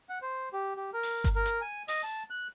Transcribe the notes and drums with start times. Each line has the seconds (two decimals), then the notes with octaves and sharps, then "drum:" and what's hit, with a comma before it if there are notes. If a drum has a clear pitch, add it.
0.09 F#5
0.22 C5
0.53 G4
0.76 G4
0.93 A#4
1.03 drum: open hi-hat
1.24 drum: kick G1, hi-hat
1.35 A#4
1.46 drum: hi-hat
1.61 G#5
1.88 D#5, drum: open hi-hat
2.03 A5
2.30 F#6